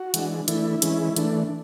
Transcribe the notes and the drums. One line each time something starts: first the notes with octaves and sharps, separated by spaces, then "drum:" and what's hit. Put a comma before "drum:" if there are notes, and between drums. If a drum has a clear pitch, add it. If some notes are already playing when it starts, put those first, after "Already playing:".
Already playing: F#4
E3 G#3 D4, drum: hi-hat
E3 A3 D4 E4, drum: hi-hat
E3 G#3 C#4, drum: hi-hat
E3 A3 D4, drum: hi-hat